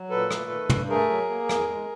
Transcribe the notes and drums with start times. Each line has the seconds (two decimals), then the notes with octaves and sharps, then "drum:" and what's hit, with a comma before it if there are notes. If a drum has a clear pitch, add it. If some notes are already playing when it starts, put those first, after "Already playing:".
Already playing: F#3
0.10 A#2 A4 B4
0.31 A3, drum: rim click
0.50 D#3
0.70 G2, drum: tom
0.89 A3 G#4 A#4
1.09 F#3
1.29 A#3
1.49 E2, drum: rim click
1.69 G#3